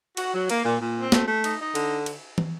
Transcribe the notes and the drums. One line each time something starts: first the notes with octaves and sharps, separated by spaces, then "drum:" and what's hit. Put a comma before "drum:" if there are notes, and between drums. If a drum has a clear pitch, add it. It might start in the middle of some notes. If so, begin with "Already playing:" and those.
F#4, drum: cymbal
F#3
A#3, drum: cymbal
A#2
A#2
C4
A3, drum: snare
A3
D#4, drum: cymbal
D#4
D3, drum: cymbal
drum: cymbal
drum: tom